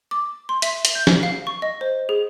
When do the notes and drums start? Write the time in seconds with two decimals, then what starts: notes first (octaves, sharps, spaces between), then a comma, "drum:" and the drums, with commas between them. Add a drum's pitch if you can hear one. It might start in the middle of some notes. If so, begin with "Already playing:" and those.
0.11 D6
0.49 C6
0.62 E5, drum: hi-hat
0.85 drum: hi-hat
0.95 G6
1.07 drum: snare
1.23 F5
1.47 C#6
1.62 D#5
1.81 C5
2.09 G#4